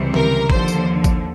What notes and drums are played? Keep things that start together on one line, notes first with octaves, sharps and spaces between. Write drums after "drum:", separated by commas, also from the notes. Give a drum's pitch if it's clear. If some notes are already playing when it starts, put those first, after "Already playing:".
Already playing: C#2 C3 E3 G3
A#4, drum: tom D#3
D#2 D3 F3 C5, drum: kick
drum: tambourine
drum: kick, tambourine